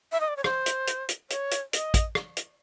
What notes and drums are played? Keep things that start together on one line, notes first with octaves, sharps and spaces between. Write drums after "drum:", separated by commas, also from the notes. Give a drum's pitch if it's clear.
E5
D#5
D5
C#5
C5, drum: rim click
drum: hi-hat
drum: hi-hat
drum: hi-hat
C#5, drum: hi-hat
drum: hi-hat
D#5, drum: hi-hat
drum: kick, hi-hat
drum: rim click
drum: hi-hat